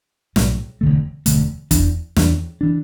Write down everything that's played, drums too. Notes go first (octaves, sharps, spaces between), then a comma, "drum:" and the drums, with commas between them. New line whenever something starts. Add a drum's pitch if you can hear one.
B1 A2 F#3, drum: snare
E1 D2 D3 A3
E1 D2 D3 A3, drum: hi-hat
E2 E3 D4, drum: kick, hi-hat
E2 E3 D4, drum: snare
E3 D4